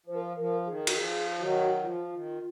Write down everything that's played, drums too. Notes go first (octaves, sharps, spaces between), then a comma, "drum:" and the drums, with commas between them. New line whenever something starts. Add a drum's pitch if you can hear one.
F3 C5
A#4
C5
F3 A#4
D#3 G#4
F#4, drum: cymbal
F3 G#4
D#3 F#3 F#4
F3 F4
D#3